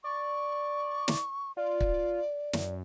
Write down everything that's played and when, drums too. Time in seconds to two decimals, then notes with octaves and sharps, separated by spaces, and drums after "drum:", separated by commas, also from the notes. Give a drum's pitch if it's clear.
0.04 D5 C#6
1.08 drum: snare
1.57 F4 D5
1.81 drum: kick
2.53 F#2, drum: snare